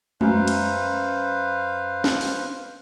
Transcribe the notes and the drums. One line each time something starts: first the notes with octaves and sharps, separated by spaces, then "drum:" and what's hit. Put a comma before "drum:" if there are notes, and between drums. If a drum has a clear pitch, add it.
F#2 B4 C5 F5, drum: tom G#3
drum: cymbal
drum: snare
drum: open hi-hat